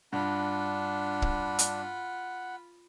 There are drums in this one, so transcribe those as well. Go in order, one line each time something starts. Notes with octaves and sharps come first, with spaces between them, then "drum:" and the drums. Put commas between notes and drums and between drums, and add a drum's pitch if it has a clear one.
G2 D4 F4 F#5 B5
drum: kick
drum: hi-hat